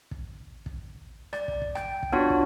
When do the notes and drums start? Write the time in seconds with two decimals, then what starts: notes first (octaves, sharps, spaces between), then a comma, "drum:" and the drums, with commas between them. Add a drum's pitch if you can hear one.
0.11 drum: kick
0.66 drum: kick
1.33 D5, drum: rim click
1.48 drum: kick
1.62 drum: kick
1.75 G5, drum: rim click
2.03 drum: kick
2.12 B3 D4 F4 F#4 C#5
2.30 drum: kick